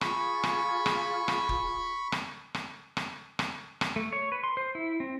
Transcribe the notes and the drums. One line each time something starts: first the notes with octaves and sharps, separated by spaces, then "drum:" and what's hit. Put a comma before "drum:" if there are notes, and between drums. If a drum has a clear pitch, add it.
F4 G#4 B5 C#6, drum: rim click
drum: rim click
drum: rim click
drum: rim click
drum: kick
drum: rim click
drum: rim click
drum: rim click
drum: rim click
drum: rim click
A3
C#5
B4
C6
C5
E4
C4